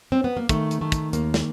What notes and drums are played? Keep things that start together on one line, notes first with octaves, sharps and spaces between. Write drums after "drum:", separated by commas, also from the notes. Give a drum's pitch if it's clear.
C4
B3
A#3
D#3 A3, drum: kick, hi-hat
drum: hi-hat
D#3 A3
drum: kick, hi-hat
D#2 A#3, drum: hi-hat
drum: snare